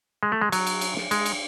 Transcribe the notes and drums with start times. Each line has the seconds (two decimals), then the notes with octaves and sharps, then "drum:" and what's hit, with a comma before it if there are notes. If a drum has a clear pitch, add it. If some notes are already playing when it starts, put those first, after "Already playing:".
0.23 G#3
0.32 A3
0.41 G#3
0.52 F#3, drum: cymbal
0.67 drum: cymbal
0.81 drum: cymbal
0.96 drum: snare
1.11 G#3, drum: cymbal
1.26 drum: cymbal